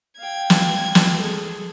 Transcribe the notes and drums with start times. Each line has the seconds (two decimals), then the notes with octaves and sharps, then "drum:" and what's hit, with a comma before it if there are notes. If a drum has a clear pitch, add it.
0.19 F5 G5 G#6
0.50 drum: snare
0.95 drum: snare
1.18 G#4 A4